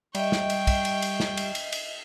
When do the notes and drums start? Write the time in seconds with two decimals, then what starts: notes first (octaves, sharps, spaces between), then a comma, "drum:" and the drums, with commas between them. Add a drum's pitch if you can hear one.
0.15 G3 D#5 E5 G5 C#6, drum: cymbal
0.32 drum: snare
0.50 drum: cymbal
0.67 drum: kick, cymbal
0.85 drum: cymbal
1.02 drum: cymbal
1.20 drum: snare
1.37 drum: cymbal
1.55 drum: cymbal
1.72 drum: cymbal